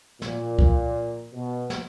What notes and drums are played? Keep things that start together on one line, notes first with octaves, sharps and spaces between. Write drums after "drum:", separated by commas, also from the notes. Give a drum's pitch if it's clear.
A#2, drum: snare
drum: kick C2
B2
drum: snare